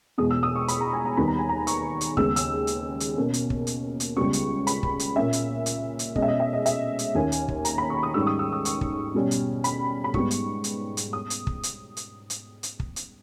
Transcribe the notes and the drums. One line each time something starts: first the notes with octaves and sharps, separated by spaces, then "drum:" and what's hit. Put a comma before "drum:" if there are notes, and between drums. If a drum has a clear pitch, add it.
E2 B2 G#3 D#6
E6
D#6
C#6
B5, drum: hi-hat
A#5
G#5
A#5
D#2 D#3 G3 B3 B5
A#5
G#5
A#5
C#6, drum: hi-hat
drum: hi-hat
D#2 C#3 G#3 B3 E6, drum: kick
E6, drum: hi-hat
drum: hi-hat
drum: hi-hat
B2 A#3 C#4
drum: hi-hat
drum: kick
drum: hi-hat
drum: hi-hat
C#2 C#3 G3 B3 C#6
drum: hi-hat
B5, drum: hi-hat
drum: kick
drum: hi-hat
A#2 A#3 C#4 E5
drum: hi-hat
drum: hi-hat
drum: hi-hat
B2 G#3 C#4 D#5, drum: kick
E5
D#5
E5
D#5
E5, drum: hi-hat
drum: hi-hat
D#2 D#3 A#3 C#4 G#5
drum: hi-hat
drum: kick
A#5, drum: hi-hat
B5
C#6
D#6
G#2 D#3 G3 C#4 E6
C#6
D#6
E6
D#6
C#6, drum: hi-hat
drum: kick
B2 G3 C#4
drum: hi-hat
B5, drum: hi-hat
B5
G#2 G3 B3 C#6, drum: kick
drum: hi-hat
drum: hi-hat
drum: hi-hat
D#6
drum: hi-hat
drum: kick
drum: hi-hat
drum: hi-hat
drum: hi-hat
drum: hi-hat
drum: kick
drum: hi-hat